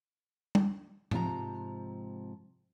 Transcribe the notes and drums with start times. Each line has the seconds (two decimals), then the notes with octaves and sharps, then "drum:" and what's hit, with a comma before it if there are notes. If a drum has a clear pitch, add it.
0.55 drum: tom
1.11 G#2 C3 F3 A#5, drum: tom